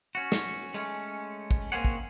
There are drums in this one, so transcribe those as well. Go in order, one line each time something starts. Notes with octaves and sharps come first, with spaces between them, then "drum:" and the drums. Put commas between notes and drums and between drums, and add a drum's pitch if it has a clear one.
C#4 F#4
drum: snare
G#3 A3 C#4
drum: kick
A#3 C4 C#4 G#4 C#5 F#5
drum: kick